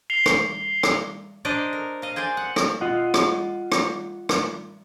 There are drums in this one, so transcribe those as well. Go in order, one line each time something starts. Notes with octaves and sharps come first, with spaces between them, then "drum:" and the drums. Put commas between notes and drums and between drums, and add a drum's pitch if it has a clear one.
C7 F7 G7
drum: rim click
drum: rim click
D4 A#4 C5 D5 D#5
A#4
D#5 F5
G#4 C5 D5 G#5
F#5
drum: rim click
F4 D#5 F#5
drum: rim click
drum: rim click
drum: rim click